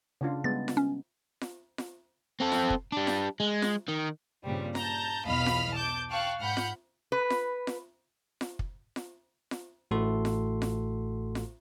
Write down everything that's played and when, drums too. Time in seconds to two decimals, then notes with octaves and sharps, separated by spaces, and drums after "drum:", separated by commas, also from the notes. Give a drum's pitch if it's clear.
0.21 C#3 D4 F4
0.44 G3 G#3 B3 A6
0.68 drum: snare F4
0.77 C#4
1.41 drum: snare F4
1.78 drum: snare F4
2.40 C4 A4
2.52 drum: snare F4
2.70 drum: kick
2.92 G3 D4
3.07 drum: snare F4
3.40 G#3
3.62 drum: snare F4
3.88 D#3
4.44 G2 A#2 C#3 G3 C4
4.75 A5 A#5 G6, drum: snare F4
5.25 B1 E2 D#5 F5 B5 F6
5.46 drum: snare F4
5.73 A5 D6 G6
6.10 F5 G5 A5 C#6 F#6
6.40 G#2 F#5 B5 F6 G6
6.57 drum: snare F4
7.12 B4
7.30 drum: snare F4
7.67 drum: snare F4
8.41 drum: snare F4
8.59 drum: kick
8.96 drum: snare F4
9.51 drum: snare F4
9.91 A1 A2 A3 F#4 A4 C6
10.25 drum: snare F4
10.62 drum: snare F4
11.35 drum: snare F4